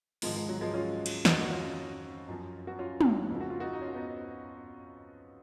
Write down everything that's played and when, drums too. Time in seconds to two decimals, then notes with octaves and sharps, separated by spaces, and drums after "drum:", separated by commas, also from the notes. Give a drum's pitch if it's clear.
0.22 G#2 D#3 F3 G#3, drum: open hi-hat
0.36 F3 G#3
0.49 F#3
0.61 F3 G#3
0.74 C#4 F4
1.06 drum: cymbal
1.25 F2 D#3 D#4 F#4, drum: snare
1.41 F#4
1.50 C#4 F4
2.28 F#2 F3
2.67 F#4
2.79 C#4 F4
3.01 drum: tom
3.30 F2 C#3 F3
3.41 F#4
3.50 F4
3.60 D#4 F#4
3.73 D#4
3.81 C#4 F4
3.94 B3 D#4